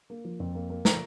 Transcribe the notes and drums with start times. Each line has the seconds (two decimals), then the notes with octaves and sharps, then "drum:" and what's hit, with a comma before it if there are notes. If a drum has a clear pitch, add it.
0.10 A#3
0.25 F3
0.40 F2
0.55 A#3
0.70 A#3
0.85 F3 A#5, drum: snare